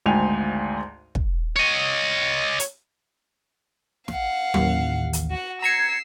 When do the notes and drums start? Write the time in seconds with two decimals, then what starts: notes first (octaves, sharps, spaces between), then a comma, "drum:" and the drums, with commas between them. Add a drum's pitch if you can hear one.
0.06 G#1 D2 G#2 G5 G#5 F7
1.15 drum: kick
1.56 C#5 D#5
2.60 drum: hi-hat
4.08 F5 F#5, drum: snare
4.54 A1 D#2, drum: tom F#3
5.13 drum: hi-hat
5.30 F#4 F#5
5.62 A#5 E6 G#6 C7 C#7